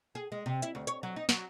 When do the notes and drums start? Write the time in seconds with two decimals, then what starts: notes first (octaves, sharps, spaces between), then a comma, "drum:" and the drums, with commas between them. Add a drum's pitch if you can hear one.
0.15 G#4
0.32 G#3
0.46 C3
0.62 E4, drum: hi-hat
0.75 D2
0.87 C#5, drum: hi-hat
1.03 F#3
1.16 D#4
1.29 F#3, drum: snare